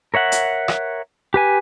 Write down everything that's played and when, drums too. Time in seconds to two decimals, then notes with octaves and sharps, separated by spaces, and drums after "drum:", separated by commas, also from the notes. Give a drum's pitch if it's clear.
0.14 A#4 C#5 E5 F#5
0.32 drum: hi-hat
0.68 drum: rim click
1.34 G4 B4 G#5